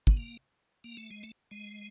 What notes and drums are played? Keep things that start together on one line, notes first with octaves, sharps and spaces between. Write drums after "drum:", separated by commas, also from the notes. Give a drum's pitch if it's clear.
B3, drum: kick
A#3
A#3
A3
G#3
A3
G#3